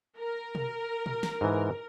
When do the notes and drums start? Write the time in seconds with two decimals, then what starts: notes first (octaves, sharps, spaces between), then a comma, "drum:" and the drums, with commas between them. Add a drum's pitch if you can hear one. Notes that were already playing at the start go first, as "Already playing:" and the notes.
0.19 A#4
0.55 drum: tom B2
1.06 drum: tom A#2
1.23 drum: snare
1.41 G#2 E3